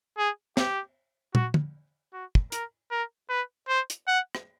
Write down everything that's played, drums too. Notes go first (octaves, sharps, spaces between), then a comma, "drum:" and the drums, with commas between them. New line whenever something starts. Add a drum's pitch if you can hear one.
G#4
G4, drum: snare
F#4, drum: tom
drum: tom
F#4
drum: kick
A#4, drum: hi-hat
A#4
B4
C5
drum: hi-hat
F#5
drum: rim click